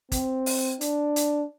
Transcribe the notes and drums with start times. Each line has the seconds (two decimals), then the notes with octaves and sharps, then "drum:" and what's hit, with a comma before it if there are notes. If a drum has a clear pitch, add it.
0.12 C4, drum: kick G1, hi-hat
0.46 drum: open hi-hat
0.81 D4, drum: hi-hat
1.16 drum: hi-hat